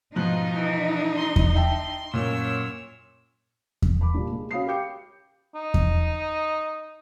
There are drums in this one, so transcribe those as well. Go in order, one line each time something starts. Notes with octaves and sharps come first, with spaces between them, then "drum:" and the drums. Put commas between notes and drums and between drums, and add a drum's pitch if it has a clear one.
G#2 B2 F3 D#4 F4 F#6
E3
C6
drum: kick E2
E5 G5 A5
F#2 A#2 C#5 E6
drum: kick E2
B5 D6
A#2 G3 D4
G#3
C#4 F#4 F5 B5 D#6 C7
G4 F5 G5 D6 G6 C#7
D#4
drum: kick E2